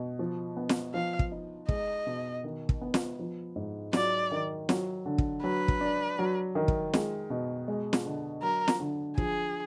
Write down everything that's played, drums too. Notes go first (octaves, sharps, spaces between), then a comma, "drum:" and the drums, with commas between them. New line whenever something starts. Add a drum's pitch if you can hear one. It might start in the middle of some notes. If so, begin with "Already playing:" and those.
Already playing: B2
F3
B3
drum: snare
F3 F5
drum: kick
D#4
G#3 D#5, drum: kick
B2
D#3
drum: kick
B3
drum: snare
F3
G#2
F#3 D5, drum: snare
D#3
F#3, drum: snare
D3
drum: kick
F#3 B4
drum: kick
D4
F#3
D#3
drum: kick
G#3, drum: snare
B2
G#3
drum: snare
D3
F#3 A#4
drum: snare
D3
F3 G#4, drum: kick